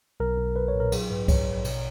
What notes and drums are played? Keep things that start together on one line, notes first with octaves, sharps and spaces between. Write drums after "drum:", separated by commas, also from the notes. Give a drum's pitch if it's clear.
B1 A#4
B1
B1 B4
C#5
A#2
A#4
F#3 G#4, drum: cymbal
G#2 B4
A#1 C#5, drum: kick C2, cymbal
A#1
B2, drum: cymbal